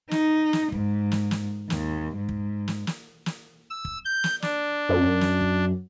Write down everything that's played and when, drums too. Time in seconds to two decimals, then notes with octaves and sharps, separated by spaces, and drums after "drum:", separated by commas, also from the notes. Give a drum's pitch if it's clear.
0.11 D#4, drum: snare
0.53 drum: snare
0.72 G#2, drum: kick
1.12 drum: snare
1.31 drum: snare
1.70 D#2, drum: snare
2.16 G#2
2.29 drum: kick
2.68 drum: snare
2.87 drum: snare
3.26 drum: snare
3.70 E6
3.85 drum: kick
4.05 G6
4.24 drum: snare
4.42 D4, drum: snare
4.89 F#2
5.21 drum: snare
5.41 drum: kick